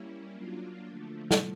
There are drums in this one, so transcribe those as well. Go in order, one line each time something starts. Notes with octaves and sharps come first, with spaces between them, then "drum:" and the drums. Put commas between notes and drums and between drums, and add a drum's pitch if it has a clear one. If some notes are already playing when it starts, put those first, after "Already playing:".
Already playing: G3 A#3 C#4 E4
F#3 A#3 D4 F4
D3 F3 A3
drum: snare